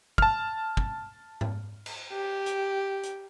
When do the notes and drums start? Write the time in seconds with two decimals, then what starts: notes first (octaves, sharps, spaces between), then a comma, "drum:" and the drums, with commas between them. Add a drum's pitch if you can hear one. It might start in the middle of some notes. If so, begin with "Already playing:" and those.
0.18 A5 F6, drum: kick
0.77 drum: kick
1.41 drum: tom G#2
1.86 drum: cymbal
2.12 G4
2.46 drum: hi-hat
3.03 drum: hi-hat